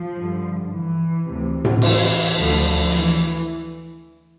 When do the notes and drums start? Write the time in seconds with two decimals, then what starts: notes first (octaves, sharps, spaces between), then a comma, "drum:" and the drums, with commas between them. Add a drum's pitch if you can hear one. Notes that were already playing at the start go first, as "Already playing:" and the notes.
Already playing: F3
0.18 G2 D3
0.72 E3
1.27 D2 C3 E3
1.65 drum: tom A2
1.82 E3, drum: cymbal
2.37 D2 D3 F3
2.92 E3, drum: hi-hat